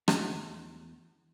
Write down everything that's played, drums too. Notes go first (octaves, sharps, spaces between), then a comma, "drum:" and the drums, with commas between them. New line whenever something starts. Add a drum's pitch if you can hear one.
E2 A3, drum: rim click